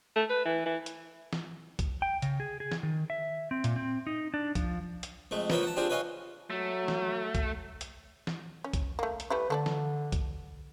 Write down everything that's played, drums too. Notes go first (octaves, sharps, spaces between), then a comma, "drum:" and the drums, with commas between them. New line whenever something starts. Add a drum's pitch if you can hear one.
A3
B4
E3
E3
drum: hi-hat
drum: snare
drum: kick B1, hi-hat
G5
C#3, drum: hi-hat
G#4
G#4
drum: snare
D#3
E5
C4
A#2, drum: hi-hat
C4
D#4
D4
F3, drum: kick B1, hi-hat
drum: hi-hat
F2 G#3 A3
A#3 B3 F4 C5 C#5 G5, drum: snare
F#5 A5
C4 D4 F4 G4 G#4
B4 C#5 D#5 F5 G#5
F#3 A3
drum: snare
drum: kick B1, hi-hat
drum: hi-hat
drum: snare
C#4
drum: kick B1, hi-hat
A3 A#3
drum: hi-hat
G3 A3 E4 B4
D3 A3 A4 D5
drum: snare
drum: kick B1, hi-hat